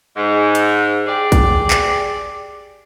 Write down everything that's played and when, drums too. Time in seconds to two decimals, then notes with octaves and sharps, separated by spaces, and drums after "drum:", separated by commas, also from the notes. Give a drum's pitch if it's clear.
0.16 G#2
0.55 drum: hi-hat
1.07 G4 G#4 D5
1.32 drum: kick, hi-hat
1.70 drum: clap